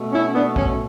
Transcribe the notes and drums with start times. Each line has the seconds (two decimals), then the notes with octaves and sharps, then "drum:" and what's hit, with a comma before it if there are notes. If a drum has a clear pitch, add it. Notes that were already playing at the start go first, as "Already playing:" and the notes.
Already playing: B2 A3
0.12 C#4 E4
0.34 B3 D4
0.56 C#4, drum: kick